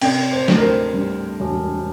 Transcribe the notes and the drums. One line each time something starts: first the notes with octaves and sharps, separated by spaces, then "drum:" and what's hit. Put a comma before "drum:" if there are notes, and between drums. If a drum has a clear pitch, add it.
C3 G5, drum: cymbal
C5
D2, drum: snare
A#4
C5
G3
E1